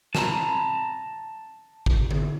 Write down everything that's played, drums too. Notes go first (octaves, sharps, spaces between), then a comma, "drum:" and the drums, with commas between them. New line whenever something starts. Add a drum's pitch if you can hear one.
A5 A#5, drum: snare
drum: kick G#1
drum: tom D3